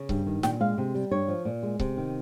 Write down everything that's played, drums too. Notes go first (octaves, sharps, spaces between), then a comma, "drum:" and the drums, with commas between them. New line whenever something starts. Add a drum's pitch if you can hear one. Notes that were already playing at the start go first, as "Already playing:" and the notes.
Already playing: C#3
G2, drum: kick C#1
D#3
A#2 G5, drum: snare
G#3 F5
C3
G3
G2 C#5
F3
A#2
G#3
C3, drum: kick C#1
D#3